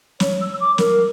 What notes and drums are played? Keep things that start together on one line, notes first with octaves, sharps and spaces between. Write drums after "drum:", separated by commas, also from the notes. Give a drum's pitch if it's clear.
C#5, drum: snare
E6
D6
A#4, drum: snare